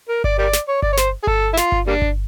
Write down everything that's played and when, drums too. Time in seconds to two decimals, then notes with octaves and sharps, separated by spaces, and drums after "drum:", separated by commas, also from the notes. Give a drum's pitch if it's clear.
0.09 A#4
0.24 D5, drum: kick G1
0.39 G4 A#4 D5
0.53 drum: snare
0.68 C#5
0.82 D5, drum: kick G1
0.93 C#5
0.97 C5, drum: snare
1.23 G#4
1.27 A4, drum: kick G1
1.53 E4
1.57 F4, drum: snare
1.72 drum: kick G1
1.87 G3 A#3 D4
2.02 drum: kick G1